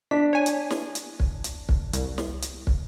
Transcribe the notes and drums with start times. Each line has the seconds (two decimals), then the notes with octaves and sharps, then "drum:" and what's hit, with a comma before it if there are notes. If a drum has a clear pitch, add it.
0.11 D4 B6
0.33 C#5 G#5
0.46 drum: hi-hat
0.70 drum: snare
0.95 drum: hi-hat
1.20 drum: kick
1.44 drum: hi-hat
1.69 drum: kick
1.93 C2, drum: hi-hat
2.18 drum: snare
2.42 drum: hi-hat
2.67 drum: kick